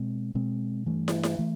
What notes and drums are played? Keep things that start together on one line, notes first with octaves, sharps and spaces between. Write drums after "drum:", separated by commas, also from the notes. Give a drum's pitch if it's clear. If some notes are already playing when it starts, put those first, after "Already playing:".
Already playing: B2 G#3 C4
B2 G#3 C4
G2 E3 A3
drum: snare
drum: snare
E3 A3